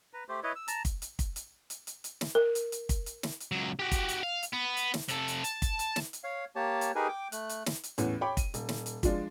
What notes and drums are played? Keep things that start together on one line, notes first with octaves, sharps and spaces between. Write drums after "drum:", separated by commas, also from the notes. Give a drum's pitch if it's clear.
B4 A#5
A3 G4 C5
E4 B4 C#5 D#5
E6
A5 A#5, drum: hi-hat
drum: kick, hi-hat
drum: hi-hat
drum: kick, hi-hat
drum: hi-hat
drum: hi-hat
drum: hi-hat
drum: hi-hat
drum: snare
A#4
drum: hi-hat
drum: hi-hat
drum: kick, hi-hat
drum: hi-hat
drum: snare
drum: hi-hat
C#2 F#3
F#4 G4
drum: kick, hi-hat
drum: hi-hat
F5
drum: hi-hat
B3
drum: hi-hat
drum: snare
C3 A4, drum: hi-hat
drum: hi-hat
A5, drum: hi-hat
drum: kick, hi-hat
drum: hi-hat
drum: snare
drum: hi-hat
C#5 F5
A#3 G4 C#5 A5
drum: hi-hat
D#4 G4 G#4 A#4 B4 G#5
G5 D6
A3 F#6, drum: hi-hat
drum: hi-hat
drum: snare
drum: hi-hat
E2 A2 B3 C#4, drum: hi-hat
C#5 G5 B5 D6
D#7, drum: kick, hi-hat
D#1, drum: hi-hat
drum: snare
drum: hi-hat
F3 G#3 D4 F4, drum: kick, hi-hat